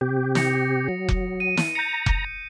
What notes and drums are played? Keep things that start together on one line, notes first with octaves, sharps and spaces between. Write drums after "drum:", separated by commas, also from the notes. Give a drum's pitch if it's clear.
C3 G4
D#6 A#6 C#7, drum: snare
F#3
drum: kick F1
D#7
drum: snare
A#5 G6 C#7
drum: kick F1